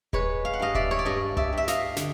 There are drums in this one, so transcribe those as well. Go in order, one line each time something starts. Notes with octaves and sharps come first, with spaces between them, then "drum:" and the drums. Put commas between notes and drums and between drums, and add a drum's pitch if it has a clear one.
G#3 B4 C#5, drum: kick D#1
F5
F#5
G2 D#5 F5
D5 E5, drum: kick D#1
C#5
D5
G2 C#5 D#5
D5 E5, drum: tom C2
G2 E5
D#5 F5, drum: snare
D3, drum: snare